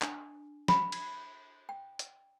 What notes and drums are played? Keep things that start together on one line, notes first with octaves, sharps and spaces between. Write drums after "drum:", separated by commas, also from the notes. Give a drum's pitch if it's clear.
D4, drum: clap
B5, drum: snare
drum: cymbal
G5
drum: hi-hat